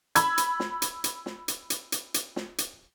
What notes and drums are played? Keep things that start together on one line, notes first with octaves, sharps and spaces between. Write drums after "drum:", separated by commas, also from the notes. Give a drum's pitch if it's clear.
B5 E6 G#6, drum: hi-hat
drum: hi-hat
drum: snare
drum: hi-hat
drum: hi-hat
drum: snare
drum: hi-hat
drum: hi-hat
drum: hi-hat
drum: hi-hat
drum: snare
drum: hi-hat